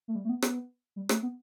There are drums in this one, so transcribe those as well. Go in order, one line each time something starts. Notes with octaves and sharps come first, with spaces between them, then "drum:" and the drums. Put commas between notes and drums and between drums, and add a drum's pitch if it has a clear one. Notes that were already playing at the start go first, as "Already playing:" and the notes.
A3
G3
A3
B3
B3, drum: rim click
G3
A3, drum: rim click
B3